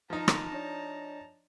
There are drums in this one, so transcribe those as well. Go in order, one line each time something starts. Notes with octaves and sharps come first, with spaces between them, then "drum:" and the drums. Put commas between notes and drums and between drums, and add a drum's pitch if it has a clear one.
F3 D#4 A5 A#5
drum: rim click
D4 C#5 D5